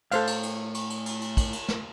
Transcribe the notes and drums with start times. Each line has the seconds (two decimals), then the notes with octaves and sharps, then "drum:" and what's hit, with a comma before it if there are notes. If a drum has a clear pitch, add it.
0.11 A2 A4 C5 F5, drum: cymbal
0.27 drum: cymbal
0.43 drum: cymbal
0.74 drum: cymbal
0.90 drum: cymbal
1.06 drum: cymbal
1.21 drum: cymbal
1.37 drum: kick, cymbal
1.53 drum: cymbal
1.69 drum: snare